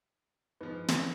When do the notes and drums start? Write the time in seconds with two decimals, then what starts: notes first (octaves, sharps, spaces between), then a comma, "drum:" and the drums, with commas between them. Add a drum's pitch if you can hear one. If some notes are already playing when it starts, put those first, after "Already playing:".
0.61 G#2 F3 B4
0.88 drum: snare